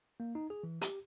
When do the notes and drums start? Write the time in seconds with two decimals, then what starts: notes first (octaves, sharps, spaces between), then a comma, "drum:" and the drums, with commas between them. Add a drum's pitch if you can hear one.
0.20 A#3
0.35 D#4
0.50 G#4
0.63 E3
0.81 G4, drum: hi-hat